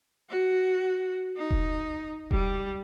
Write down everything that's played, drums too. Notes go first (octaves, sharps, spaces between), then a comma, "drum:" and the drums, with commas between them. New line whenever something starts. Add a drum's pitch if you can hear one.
F#4
D#4
drum: kick E1
G3, drum: kick E1